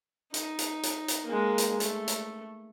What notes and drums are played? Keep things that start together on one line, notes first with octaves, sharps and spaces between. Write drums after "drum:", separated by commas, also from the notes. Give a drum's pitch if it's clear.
D#4, drum: hi-hat
drum: hi-hat
drum: hi-hat
drum: hi-hat
G#3 A#3
drum: hi-hat
A3, drum: hi-hat
drum: hi-hat